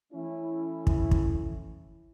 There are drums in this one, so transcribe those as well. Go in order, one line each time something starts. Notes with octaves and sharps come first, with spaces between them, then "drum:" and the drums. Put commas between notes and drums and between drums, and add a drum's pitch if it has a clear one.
E3 A3 C#4 E4
drum: kick
drum: kick